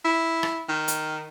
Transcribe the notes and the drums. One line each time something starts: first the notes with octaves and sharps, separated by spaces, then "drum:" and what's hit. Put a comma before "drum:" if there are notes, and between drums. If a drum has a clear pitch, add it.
E4
drum: rim click
D#3
drum: hi-hat